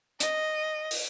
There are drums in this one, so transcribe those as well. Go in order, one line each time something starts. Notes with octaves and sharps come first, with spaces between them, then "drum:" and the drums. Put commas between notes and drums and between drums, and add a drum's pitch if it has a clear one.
D#5, drum: hi-hat
drum: open hi-hat